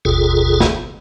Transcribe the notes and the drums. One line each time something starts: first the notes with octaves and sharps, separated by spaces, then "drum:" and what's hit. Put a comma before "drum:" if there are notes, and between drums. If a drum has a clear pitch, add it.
G1 D#2 B2 F4 G#4 A4
drum: snare